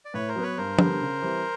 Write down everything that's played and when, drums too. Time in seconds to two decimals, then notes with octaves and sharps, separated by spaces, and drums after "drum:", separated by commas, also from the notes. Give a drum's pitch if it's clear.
0.05 D5
0.14 A2 B4 C#5
0.28 A#4 C5
0.35 F#3 B3
0.43 B4 C#5
0.57 G2 A#4 C5
0.79 D3 G3 B3, drum: tom
1.01 C#3
1.22 E3 G3 C4